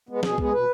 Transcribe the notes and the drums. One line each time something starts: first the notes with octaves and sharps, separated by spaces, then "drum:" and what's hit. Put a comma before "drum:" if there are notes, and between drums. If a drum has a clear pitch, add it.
G#3 B3
B2 G#4, drum: snare
G#3 B3 G#4, drum: kick B1
B2 B4